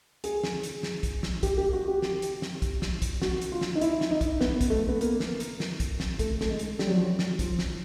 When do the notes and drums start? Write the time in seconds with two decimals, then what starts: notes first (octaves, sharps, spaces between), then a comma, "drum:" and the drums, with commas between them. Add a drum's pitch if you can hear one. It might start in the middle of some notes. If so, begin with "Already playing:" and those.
0.24 G#4, drum: hi-hat
0.44 drum: snare
0.63 drum: hi-hat
0.83 drum: snare
1.03 drum: kick, hi-hat
1.23 drum: snare
1.43 G4, drum: kick, hi-hat
1.58 G4
1.73 F#4
1.88 G4
2.02 drum: snare
2.22 drum: hi-hat
2.42 drum: snare
2.62 drum: kick, hi-hat
2.82 drum: snare
3.02 drum: kick, hi-hat
3.22 F#4, drum: snare
3.42 drum: hi-hat
3.52 F4
3.61 drum: snare
3.75 D#4
3.81 E4, drum: hi-hat
4.01 drum: snare
4.11 D#4
4.21 drum: kick, hi-hat
4.41 B3, drum: snare
4.61 drum: kick, hi-hat
4.70 A3
4.89 B3
5.01 A#3, drum: hi-hat
5.20 drum: snare
5.40 drum: hi-hat
5.60 drum: snare
5.80 drum: kick, hi-hat
6.00 drum: snare
6.19 A3, drum: kick, hi-hat
6.41 A3, drum: snare
6.49 G#3
6.59 drum: hi-hat
6.79 G3, drum: snare
6.87 F#3
6.96 F3
7.04 F#3
7.19 drum: snare
7.39 F3, drum: kick, hi-hat
7.59 drum: snare